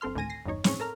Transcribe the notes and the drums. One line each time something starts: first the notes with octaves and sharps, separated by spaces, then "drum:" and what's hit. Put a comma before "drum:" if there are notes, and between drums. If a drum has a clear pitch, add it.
G1 C4 A4 C6 F6
D2 A2 D#3 G#5 A#6 D#7
A#6 C7
G1 E2 G2 D#4 C#5
A2 C4 G#4 C#5 C#6, drum: snare
A4 A#4 A#5 F6